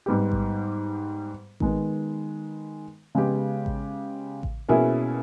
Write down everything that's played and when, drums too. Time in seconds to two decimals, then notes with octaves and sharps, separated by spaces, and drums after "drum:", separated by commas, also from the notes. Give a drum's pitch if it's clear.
0.06 G#2 G3 B3 G4
0.32 drum: kick A1
1.60 D#3 G#3 B3, drum: kick A1
3.15 C#3 G#3 B3 G4
3.66 drum: kick A1
4.43 drum: kick A1
4.69 B2 A#3 C#4 E4 G#4